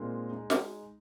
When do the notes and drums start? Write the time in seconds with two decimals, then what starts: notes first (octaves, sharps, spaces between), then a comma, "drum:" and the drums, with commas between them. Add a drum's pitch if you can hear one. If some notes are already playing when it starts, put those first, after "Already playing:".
Already playing: A#2 G#3 C4 D#4 A#4
0.30 G#3 D#4 G#4
0.50 drum: snare